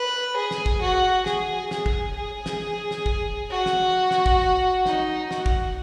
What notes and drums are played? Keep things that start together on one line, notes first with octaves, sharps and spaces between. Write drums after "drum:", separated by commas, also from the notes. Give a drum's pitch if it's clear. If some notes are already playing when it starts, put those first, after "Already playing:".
Already playing: B4
G#4
drum: snare
drum: kick
F#4
G#4, drum: snare
G#4, drum: snare
drum: kick
G#4
drum: snare
drum: snare
drum: kick
F#4
drum: snare
drum: snare
drum: kick
D#4, drum: snare
F#4, drum: snare
drum: kick